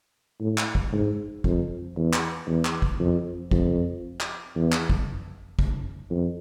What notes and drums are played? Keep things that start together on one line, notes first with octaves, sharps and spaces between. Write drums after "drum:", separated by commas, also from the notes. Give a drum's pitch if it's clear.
A2
drum: clap
drum: kick
G#2
F2, drum: kick
E2
drum: clap
E2
drum: clap
drum: kick
F2
F2, drum: kick
drum: clap
E2
drum: clap
drum: kick
drum: kick
F2